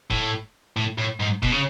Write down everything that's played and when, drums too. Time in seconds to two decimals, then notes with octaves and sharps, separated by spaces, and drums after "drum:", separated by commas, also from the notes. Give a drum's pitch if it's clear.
0.10 A2, drum: kick
0.77 A2
0.98 A2
1.20 G#2
1.43 B2, drum: kick
1.52 C#3